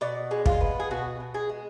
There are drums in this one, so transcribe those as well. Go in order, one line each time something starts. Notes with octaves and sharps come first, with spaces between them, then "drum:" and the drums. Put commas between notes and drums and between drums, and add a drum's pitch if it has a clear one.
B2 D5
G#3
F4, drum: kick
B3
G#4
B2 F#4
B2
G#4
G#3